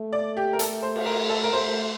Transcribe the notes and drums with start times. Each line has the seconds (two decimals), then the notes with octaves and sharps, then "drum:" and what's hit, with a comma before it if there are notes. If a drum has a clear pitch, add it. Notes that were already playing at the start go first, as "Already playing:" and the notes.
Already playing: A3
0.12 D5
0.37 G4
0.53 A#4
0.59 A4, drum: hi-hat
0.82 C5
0.96 drum: cymbal
1.06 A#4
1.29 A4
1.43 A#4
1.53 A3 C5